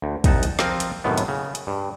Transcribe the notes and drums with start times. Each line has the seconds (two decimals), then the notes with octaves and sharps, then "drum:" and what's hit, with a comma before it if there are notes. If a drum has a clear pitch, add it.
0.02 D2
0.24 C2 D#4 F#5 A5, drum: kick, hi-hat
0.43 drum: hi-hat
0.59 F3 C4 F4 A#4, drum: snare
0.80 drum: hi-hat
1.04 F#2 A2 C3 D#3 B3
1.18 drum: hi-hat
1.28 C#3
1.55 drum: hi-hat
1.67 G2